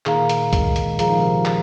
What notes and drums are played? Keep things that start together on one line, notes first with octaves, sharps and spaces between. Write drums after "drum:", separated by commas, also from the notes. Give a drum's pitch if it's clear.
A#2 D#3 G#4 F5 A#5, drum: clap
drum: hi-hat
D#3 G#3, drum: kick C2, hi-hat
drum: hi-hat
F3 G#4 F5 A#5, drum: hi-hat
D#3
C3 F3
drum: clap